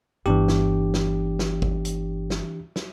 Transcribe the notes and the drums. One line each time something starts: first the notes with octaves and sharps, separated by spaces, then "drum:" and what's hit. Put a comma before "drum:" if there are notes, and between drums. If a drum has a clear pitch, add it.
G1 E3 B3 D4 G4
drum: snare
drum: snare
drum: snare
drum: kick
drum: hi-hat
drum: snare
drum: snare